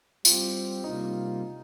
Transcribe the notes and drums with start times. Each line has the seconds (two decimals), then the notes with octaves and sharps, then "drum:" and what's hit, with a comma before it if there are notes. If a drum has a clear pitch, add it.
0.25 G3 C4 F4 G4, drum: tambourine
0.83 C3 G3 A#3 D#4 F4